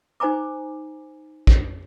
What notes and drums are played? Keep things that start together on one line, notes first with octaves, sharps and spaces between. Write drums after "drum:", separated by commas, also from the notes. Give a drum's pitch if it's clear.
D#4 C5 G#5 A#5 D6
drum: kick